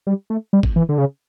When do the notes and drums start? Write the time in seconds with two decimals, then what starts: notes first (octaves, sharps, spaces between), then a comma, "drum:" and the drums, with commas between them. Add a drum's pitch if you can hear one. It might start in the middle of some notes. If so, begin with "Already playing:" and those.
0.07 G3
0.30 A3
0.53 G3
0.63 drum: kick G#1
0.76 E3
0.89 D3
0.98 C#3